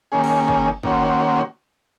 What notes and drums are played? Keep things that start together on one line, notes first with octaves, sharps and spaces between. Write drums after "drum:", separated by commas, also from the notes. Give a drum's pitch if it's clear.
D#3 A#3 C#4 G#4
drum: cymbal
drum: kick
D#3 A#3 C#4 F#4 C5, drum: kick